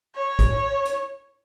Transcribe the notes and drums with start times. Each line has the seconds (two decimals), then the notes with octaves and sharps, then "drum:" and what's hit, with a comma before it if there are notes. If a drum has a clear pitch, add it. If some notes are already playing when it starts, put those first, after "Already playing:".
0.16 C#5
0.39 drum: kick, hi-hat
0.85 drum: hi-hat